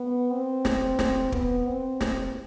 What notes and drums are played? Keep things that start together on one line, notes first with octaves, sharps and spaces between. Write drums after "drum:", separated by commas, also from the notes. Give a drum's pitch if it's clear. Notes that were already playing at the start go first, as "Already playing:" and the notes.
Already playing: B3
C4
drum: snare
drum: snare
B3, drum: kick
C4
drum: snare